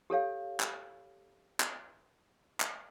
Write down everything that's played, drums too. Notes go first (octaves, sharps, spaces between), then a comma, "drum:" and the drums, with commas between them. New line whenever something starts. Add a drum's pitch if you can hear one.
G4 A4 C#5 F5
drum: clap
drum: clap
drum: clap